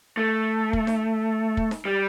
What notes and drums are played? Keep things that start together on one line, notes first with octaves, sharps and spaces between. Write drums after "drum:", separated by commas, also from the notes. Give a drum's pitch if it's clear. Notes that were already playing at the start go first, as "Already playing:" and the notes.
A3
drum: kick
drum: snare D#4
drum: kick
drum: snare D#4
G3